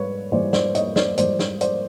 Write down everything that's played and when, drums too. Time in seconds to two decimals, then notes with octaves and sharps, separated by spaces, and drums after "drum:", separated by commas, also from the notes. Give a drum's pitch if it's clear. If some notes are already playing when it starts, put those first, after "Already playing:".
Already playing: G#2 G3 B4 C#5
0.32 G#2 E3 G3 C5 D5
0.53 C5 D5, drum: snare
0.75 C#5 D#5, drum: hi-hat
0.96 C5 D5, drum: snare
1.18 G#2 E3 G3 C5 D5, drum: hi-hat
1.39 drum: snare
1.61 C5 D5, drum: hi-hat